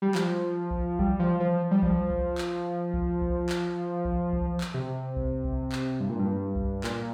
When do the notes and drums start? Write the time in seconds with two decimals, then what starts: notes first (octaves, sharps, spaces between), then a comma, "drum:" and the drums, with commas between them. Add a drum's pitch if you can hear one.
0.02 G3
0.15 F3, drum: clap
0.71 drum: kick B1
0.99 G3, drum: kick B1
1.20 F3
1.40 F3
1.71 G3
1.82 F3, drum: kick B1
2.10 drum: kick B1
2.38 drum: clap
2.94 drum: kick B1
3.21 drum: kick B1
3.49 drum: clap
4.05 drum: kick B1
4.33 drum: kick B1
4.61 drum: clap
4.74 C3
5.16 drum: kick B1
5.44 drum: kick B1
5.72 drum: clap
6.00 G2
6.09 A#2
6.19 G2
6.56 drum: kick B1
6.84 A#2, drum: clap